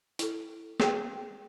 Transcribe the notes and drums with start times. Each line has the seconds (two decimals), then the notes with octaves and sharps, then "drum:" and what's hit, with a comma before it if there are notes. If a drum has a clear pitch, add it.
0.19 E4 A4, drum: hi-hat
0.80 G#4 G5, drum: snare